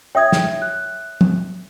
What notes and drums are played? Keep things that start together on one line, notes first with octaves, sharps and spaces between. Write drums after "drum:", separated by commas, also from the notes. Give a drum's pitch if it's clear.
C#5 E5 G5 D#6 G#6
drum: snare
F#6
drum: tom